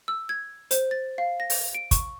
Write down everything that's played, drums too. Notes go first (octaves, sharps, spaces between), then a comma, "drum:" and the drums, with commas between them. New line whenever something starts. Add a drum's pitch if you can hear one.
E6
G#6
C5, drum: hi-hat
A6
F5
A#6
drum: open hi-hat
D7
C#6, drum: kick, hi-hat